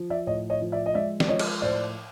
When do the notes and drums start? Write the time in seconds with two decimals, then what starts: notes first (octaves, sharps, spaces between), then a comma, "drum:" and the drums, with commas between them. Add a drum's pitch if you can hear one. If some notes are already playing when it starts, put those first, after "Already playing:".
Already playing: F3
0.10 D5 E5
0.27 A2 C#5 D#5
0.50 C#5 D#5
0.61 F3
0.72 D5 E5
0.86 D#5
0.94 G#3 D5 E5
1.20 D5, drum: snare
1.28 F3 C#5 D#5
1.39 drum: cymbal
1.62 A2 C5 D5